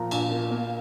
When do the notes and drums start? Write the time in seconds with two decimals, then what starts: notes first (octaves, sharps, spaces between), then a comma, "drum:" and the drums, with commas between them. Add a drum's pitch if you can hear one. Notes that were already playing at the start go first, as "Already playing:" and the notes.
Already playing: A#2 F3 A#5
0.11 A#1, drum: cymbal
0.31 A#3
0.51 A#3